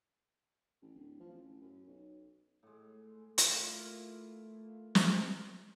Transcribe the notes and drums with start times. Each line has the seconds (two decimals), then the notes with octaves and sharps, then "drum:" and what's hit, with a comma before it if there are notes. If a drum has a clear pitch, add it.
0.82 A1
0.95 D1
1.20 F3
1.33 A1
1.61 F#2
1.87 B1
2.63 A2 G#3
3.38 drum: hi-hat
3.49 A3 A#3 E4 F4
4.95 drum: snare